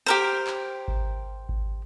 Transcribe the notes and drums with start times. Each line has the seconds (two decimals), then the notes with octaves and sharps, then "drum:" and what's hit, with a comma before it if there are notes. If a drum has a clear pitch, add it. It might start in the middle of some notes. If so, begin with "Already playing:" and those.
0.06 G4 A#4 C5
0.47 drum: clap
0.88 drum: kick G#1
1.49 drum: kick G#1